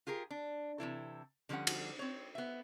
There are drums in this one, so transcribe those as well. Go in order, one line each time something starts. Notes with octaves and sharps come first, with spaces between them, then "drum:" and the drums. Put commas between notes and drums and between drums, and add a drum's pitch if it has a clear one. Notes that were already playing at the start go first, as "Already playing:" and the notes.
F4 G4 G#4 A#4
D4
C3 E3 E4 A4
D3 F3 G3 A#3 C#4 F#5
drum: cymbal
C4 C#5
B3 E5